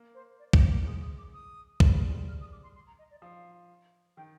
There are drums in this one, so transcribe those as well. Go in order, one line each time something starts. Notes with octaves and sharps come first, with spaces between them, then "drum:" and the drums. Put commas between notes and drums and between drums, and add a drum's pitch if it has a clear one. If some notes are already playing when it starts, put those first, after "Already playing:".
Already playing: A#3
C5
D5
D#5, drum: kick
D6
A#3
G#3 D#6
D#6
D6
D#6
G3, drum: kick
G#3
G3
F6
D#6
D6
C6
C6
A#5
D#5
D5
F3 F5
D#3 G5